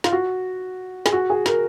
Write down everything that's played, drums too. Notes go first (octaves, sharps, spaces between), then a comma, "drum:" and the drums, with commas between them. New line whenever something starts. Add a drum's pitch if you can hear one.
F4, drum: snare
F#4
G#4, drum: snare
F#4
G#4
A#4, drum: snare